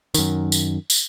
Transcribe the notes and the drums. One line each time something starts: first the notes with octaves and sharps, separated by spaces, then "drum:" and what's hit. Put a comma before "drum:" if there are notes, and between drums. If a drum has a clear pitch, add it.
F#2 D#3, drum: tambourine
drum: tambourine
drum: tambourine